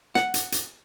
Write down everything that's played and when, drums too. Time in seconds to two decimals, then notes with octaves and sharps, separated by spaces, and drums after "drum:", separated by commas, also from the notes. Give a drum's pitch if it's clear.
0.15 F#5, drum: snare
0.34 drum: hi-hat
0.52 drum: hi-hat